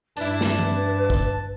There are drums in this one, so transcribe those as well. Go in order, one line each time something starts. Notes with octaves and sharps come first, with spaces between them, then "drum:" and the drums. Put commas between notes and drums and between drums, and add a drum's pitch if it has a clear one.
G2 D4 E4 B4 A5, drum: hi-hat
drum: snare
drum: tom E3
drum: kick